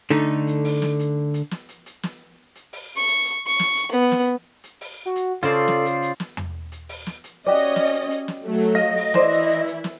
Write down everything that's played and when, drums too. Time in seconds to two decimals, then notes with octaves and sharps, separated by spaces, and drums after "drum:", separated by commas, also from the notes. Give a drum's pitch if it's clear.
0.10 D3 A3 D#4
0.47 drum: hi-hat
0.65 drum: open hi-hat
0.82 drum: snare
0.99 drum: hi-hat
1.34 drum: hi-hat
1.51 drum: snare
1.69 drum: hi-hat
1.86 drum: hi-hat
2.03 drum: snare
2.55 drum: hi-hat
2.73 drum: open hi-hat
2.97 C#6
3.07 drum: hi-hat
3.25 drum: hi-hat
3.47 C#6
3.60 drum: snare
3.77 drum: hi-hat
3.92 B3, drum: hi-hat
4.12 drum: snare
4.64 drum: hi-hat
4.81 drum: open hi-hat
5.06 F#4
5.16 drum: hi-hat
5.43 C#3 F4 A4 C5 D5 C7
5.68 drum: snare
5.85 drum: hi-hat
6.02 drum: hi-hat
6.20 drum: snare
6.37 drum: tom E2
6.72 drum: hi-hat
6.89 drum: open hi-hat
7.06 drum: snare
7.24 drum: hi-hat
7.47 C#4 F#4 G4 D5 D#5
7.59 drum: hi-hat
7.76 drum: snare
7.93 drum: hi-hat
8.11 drum: hi-hat
8.28 drum: snare
8.45 F#3 A3
8.75 D#5 F5
8.97 drum: open hi-hat
9.14 E3 E4 A#4 C5 D5, drum: snare
9.32 drum: hi-hat
9.49 drum: hi-hat
9.67 drum: hi-hat
9.84 drum: snare